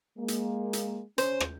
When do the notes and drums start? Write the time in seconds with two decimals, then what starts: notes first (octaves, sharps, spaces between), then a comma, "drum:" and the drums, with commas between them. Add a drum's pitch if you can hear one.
0.18 G#3 A#3
0.28 drum: hi-hat
0.73 drum: hi-hat
1.18 C#3 C#4 C5, drum: hi-hat
1.40 drum: rim click